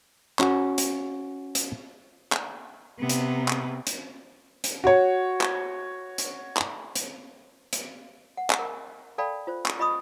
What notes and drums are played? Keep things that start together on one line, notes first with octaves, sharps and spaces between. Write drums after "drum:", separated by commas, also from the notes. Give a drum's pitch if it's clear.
C#4 F#4, drum: clap
drum: hi-hat
drum: hi-hat
drum: clap
C3 B3
drum: hi-hat
drum: clap
drum: hi-hat
drum: hi-hat
F#4 C#5
drum: clap
drum: hi-hat
drum: clap
drum: hi-hat
drum: hi-hat
F#5
drum: clap
A#4
A4 D5 F5 G5 A5 B5
F4 C5
drum: clap
F4 D#5 B5 C#6 D#6